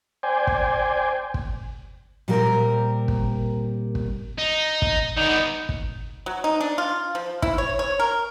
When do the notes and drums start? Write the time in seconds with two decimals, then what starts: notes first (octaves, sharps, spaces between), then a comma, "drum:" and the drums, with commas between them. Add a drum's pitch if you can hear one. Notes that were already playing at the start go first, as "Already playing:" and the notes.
0.23 C5 D5 G5 G#5
0.47 drum: kick
1.34 drum: kick
2.28 A#2 G3 C4 G4 A#4 A#5
3.08 drum: kick
3.95 drum: kick
4.38 D#4
4.82 drum: kick
5.17 D3 B3 D#4
5.69 drum: kick
6.26 F#3
6.44 D#4
6.60 D4
6.78 F4
7.15 F3
7.42 E4, drum: kick
7.58 C#5
7.79 C#5
8.00 A#4